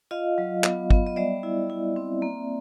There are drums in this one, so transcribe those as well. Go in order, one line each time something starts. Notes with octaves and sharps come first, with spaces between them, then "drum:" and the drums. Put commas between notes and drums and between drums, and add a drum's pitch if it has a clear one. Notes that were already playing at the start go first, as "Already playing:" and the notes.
F4 D#5 F5
F#3
B3, drum: clap
B3, drum: kick
D#5
G3 D5 E5
E4
E4
C4
A#3